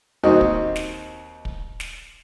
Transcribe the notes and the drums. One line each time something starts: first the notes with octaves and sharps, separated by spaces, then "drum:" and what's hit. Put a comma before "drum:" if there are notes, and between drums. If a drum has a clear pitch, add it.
D#2 C4 D#4 F#4 D#5
drum: kick
drum: snare
drum: kick
drum: snare